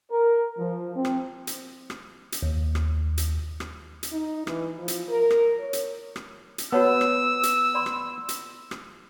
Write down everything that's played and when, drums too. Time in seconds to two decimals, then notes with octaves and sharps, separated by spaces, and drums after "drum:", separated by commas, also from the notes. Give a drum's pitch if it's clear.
0.11 A#4
0.58 F3
0.95 C4
1.05 drum: rim click
1.47 drum: hi-hat
1.90 drum: rim click
2.32 drum: hi-hat
2.42 D#2
2.75 drum: rim click
3.18 drum: hi-hat
3.60 drum: rim click
4.03 drum: hi-hat
4.12 D#4
4.47 E3, drum: rim click
4.79 F3
4.88 drum: hi-hat
5.09 A#4
5.30 drum: rim click
5.60 C#5
5.73 drum: hi-hat
6.16 drum: rim click
6.58 drum: hi-hat
6.72 B3 F#4 C#5 A5 E6
7.01 drum: rim click
7.43 drum: hi-hat
7.75 D5 B5 C6
7.86 drum: rim click
8.29 drum: hi-hat
8.71 drum: rim click